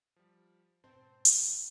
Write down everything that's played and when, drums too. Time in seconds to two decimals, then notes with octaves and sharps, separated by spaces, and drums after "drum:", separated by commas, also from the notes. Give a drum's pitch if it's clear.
0.16 F3 G3
0.84 G#2 B2 C4 C5 A5
1.25 drum: hi-hat